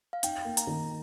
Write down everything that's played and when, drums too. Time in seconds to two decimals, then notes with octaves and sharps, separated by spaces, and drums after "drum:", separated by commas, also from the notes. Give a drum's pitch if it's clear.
0.13 F5
0.23 D#4 G5, drum: hi-hat
0.45 A#3
0.57 A#5, drum: hi-hat
0.67 D#3